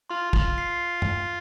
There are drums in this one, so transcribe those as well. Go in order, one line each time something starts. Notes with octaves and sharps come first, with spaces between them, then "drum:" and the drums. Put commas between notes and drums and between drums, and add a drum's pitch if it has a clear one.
F4 C6
F4 C6, drum: kick
C7
drum: tom F#2